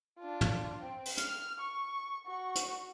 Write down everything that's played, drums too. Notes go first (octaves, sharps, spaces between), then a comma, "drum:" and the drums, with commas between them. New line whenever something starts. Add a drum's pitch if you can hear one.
D4 F4
drum: tom
C4
drum: open hi-hat
F6, drum: hi-hat
C#6
F#4 C#6
drum: hi-hat